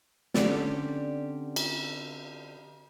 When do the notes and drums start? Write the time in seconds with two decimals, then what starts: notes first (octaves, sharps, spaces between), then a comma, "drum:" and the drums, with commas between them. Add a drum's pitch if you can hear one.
0.34 D3 C4 C#4 G4 D5, drum: snare
1.56 drum: cymbal